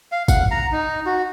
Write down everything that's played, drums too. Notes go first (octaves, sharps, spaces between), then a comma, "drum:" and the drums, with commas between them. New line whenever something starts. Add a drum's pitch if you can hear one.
F5
F#5, drum: kick, tambourine
A#5
D#4
F#4